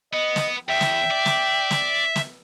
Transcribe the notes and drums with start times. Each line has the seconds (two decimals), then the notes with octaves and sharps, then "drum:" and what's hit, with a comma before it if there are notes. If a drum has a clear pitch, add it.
0.13 B3 D#5
0.36 drum: snare
0.69 E2 E5 G5
0.81 drum: snare
1.11 D5
1.26 drum: snare
1.71 drum: snare
2.16 drum: snare